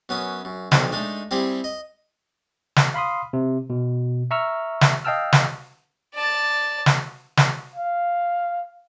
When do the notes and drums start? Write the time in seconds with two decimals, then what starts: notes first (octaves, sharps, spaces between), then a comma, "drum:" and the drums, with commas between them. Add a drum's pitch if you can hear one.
0.09 F#2 B3 C#4 D#6
0.45 F#2
0.72 B1 D#3 F3 D4, drum: snare
0.92 G#3 A3 D4 D#4
1.31 G3 C4 E4 G4 G#4
1.64 D#5
2.76 drum: snare
2.94 F5 B5 C6 D#6
3.33 C3
3.70 B2
4.31 E5 A#5 C#6 E6 F6
4.81 drum: snare
5.05 D#5 F5 G5 A5 E6 F6
5.33 drum: snare
6.14 D5 A5
6.86 drum: snare
7.37 drum: snare
7.76 F5